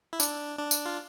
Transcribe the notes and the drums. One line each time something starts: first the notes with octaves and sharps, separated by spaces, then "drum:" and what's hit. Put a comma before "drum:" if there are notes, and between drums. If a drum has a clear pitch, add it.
E4
D4, drum: tambourine
D4
drum: tambourine
F4